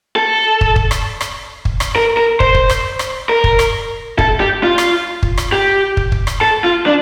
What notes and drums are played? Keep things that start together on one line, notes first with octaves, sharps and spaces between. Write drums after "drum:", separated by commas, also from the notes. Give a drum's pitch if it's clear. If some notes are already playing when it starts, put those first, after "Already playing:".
A4
drum: kick
drum: kick
drum: rim click
drum: rim click
drum: kick
drum: rim click
A#4
A#4
C5, drum: kick
drum: kick
drum: rim click
drum: rim click
A#4
drum: kick
drum: rim click
A4, drum: kick
G4
F4
drum: rim click
drum: kick
drum: rim click
G4
drum: kick
drum: kick
drum: rim click
A4
F4
D4